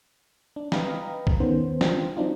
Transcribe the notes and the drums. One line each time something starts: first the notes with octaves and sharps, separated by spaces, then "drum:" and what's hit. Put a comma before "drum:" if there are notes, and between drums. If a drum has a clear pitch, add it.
D4
B4 D#5 F5 G5 A#5 B5, drum: snare
drum: kick B1
D#3 B3 C#4 C5
D4 F4 C5 G5, drum: snare
F#3 C4 D4 D#4 F4